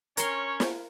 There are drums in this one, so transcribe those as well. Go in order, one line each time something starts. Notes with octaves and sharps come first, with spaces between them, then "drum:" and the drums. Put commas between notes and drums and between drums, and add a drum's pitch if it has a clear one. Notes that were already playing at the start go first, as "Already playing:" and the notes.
C#4 A#4 C#5 C6, drum: hi-hat
drum: snare